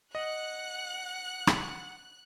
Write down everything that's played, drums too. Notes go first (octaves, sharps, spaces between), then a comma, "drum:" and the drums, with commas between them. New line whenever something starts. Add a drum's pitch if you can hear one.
D#5 F#5 F#6
drum: rim click